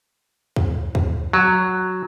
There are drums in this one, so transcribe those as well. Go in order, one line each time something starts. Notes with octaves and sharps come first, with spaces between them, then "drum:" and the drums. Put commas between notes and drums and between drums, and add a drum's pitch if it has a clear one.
drum: kick
drum: kick
F#3